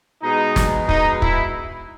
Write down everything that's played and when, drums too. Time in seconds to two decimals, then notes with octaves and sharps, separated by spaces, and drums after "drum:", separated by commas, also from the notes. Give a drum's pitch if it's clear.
0.22 B2 G#3 D#4
0.56 drum: snare
0.89 D#4, drum: kick
1.22 E4, drum: kick